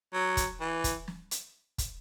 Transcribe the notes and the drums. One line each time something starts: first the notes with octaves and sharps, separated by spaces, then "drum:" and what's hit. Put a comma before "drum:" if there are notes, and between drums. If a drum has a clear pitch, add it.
F#3
drum: kick, hi-hat
E3
drum: kick, hi-hat
drum: snare
drum: hi-hat
drum: kick, hi-hat